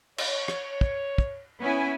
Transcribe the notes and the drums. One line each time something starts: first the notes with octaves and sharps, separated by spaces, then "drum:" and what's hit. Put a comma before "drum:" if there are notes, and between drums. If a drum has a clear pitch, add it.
C#5, drum: cymbal
drum: rim click
drum: kick
drum: kick
B3 C#4 E4 C#5 G#5